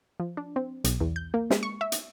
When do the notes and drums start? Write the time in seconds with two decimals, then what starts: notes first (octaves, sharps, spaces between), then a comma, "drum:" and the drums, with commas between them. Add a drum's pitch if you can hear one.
0.20 F3
0.37 D4
0.56 C4
0.84 B1, drum: hi-hat
1.00 E2
1.16 G6
1.34 A#3
1.50 G#3, drum: snare
1.63 C#6
1.81 E5
1.92 drum: hi-hat